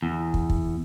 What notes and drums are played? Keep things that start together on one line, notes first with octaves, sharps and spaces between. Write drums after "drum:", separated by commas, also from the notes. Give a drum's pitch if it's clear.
E2
drum: kick
drum: kick